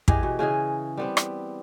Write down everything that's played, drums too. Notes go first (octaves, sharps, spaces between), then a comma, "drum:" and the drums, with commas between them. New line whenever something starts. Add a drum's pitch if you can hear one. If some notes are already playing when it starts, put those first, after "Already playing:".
E3 G4 G#4 D#5, drum: kick
B2
C#3 E3 G#4 D#5
G3 B3 C4
drum: rim click